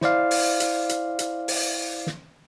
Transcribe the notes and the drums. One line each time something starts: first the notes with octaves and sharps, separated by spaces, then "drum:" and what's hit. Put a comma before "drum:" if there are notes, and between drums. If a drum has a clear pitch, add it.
E4 C5 D5 F5, drum: snare
drum: open hi-hat
drum: hi-hat
drum: hi-hat
drum: hi-hat
drum: open hi-hat
drum: snare